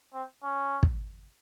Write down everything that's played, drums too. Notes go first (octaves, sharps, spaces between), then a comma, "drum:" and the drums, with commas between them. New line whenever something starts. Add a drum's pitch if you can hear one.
C4
C#4
drum: kick